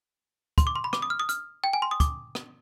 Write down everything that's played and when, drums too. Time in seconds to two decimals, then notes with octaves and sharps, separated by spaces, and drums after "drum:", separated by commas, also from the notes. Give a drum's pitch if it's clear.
0.58 C6, drum: kick, hi-hat
0.67 D6
0.76 C6
0.84 B5
0.93 D6, drum: rim click
1.02 D#6
1.10 F6
1.20 D#6
1.29 F6, drum: hi-hat
1.64 G5
1.73 G#5
1.82 C6
1.91 D#6
2.00 D6, drum: kick, hi-hat
2.35 drum: rim click